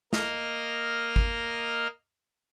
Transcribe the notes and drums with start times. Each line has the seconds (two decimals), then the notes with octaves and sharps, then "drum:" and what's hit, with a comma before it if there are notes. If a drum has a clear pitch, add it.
0.13 A#3 D#5 F6, drum: snare
1.16 drum: kick G#1